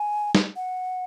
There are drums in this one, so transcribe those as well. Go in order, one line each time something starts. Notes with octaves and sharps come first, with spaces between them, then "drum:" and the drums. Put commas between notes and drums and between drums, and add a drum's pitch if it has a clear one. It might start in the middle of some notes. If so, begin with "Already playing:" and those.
Already playing: G#5
drum: snare
F#5